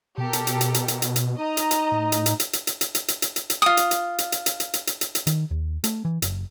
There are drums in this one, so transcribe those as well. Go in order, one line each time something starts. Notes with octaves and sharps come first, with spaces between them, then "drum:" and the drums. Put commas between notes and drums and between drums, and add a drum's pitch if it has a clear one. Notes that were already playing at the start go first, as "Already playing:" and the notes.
B2 G4 A4 A#4
drum: hi-hat
drum: hi-hat
drum: hi-hat
drum: hi-hat
drum: hi-hat
drum: hi-hat
drum: hi-hat
D#4 D#5 A#5
drum: hi-hat
drum: hi-hat
A2
drum: hi-hat
drum: hi-hat
drum: hi-hat
drum: hi-hat
drum: hi-hat
drum: hi-hat
drum: hi-hat
drum: hi-hat
drum: hi-hat
drum: hi-hat
drum: hi-hat
F4 D#6
drum: hi-hat
drum: hi-hat
drum: hi-hat
drum: hi-hat
drum: hi-hat
drum: hi-hat
drum: hi-hat
drum: hi-hat
drum: hi-hat
drum: hi-hat
D#3, drum: hi-hat
D#2
A3, drum: hi-hat
E3
F#1, drum: hi-hat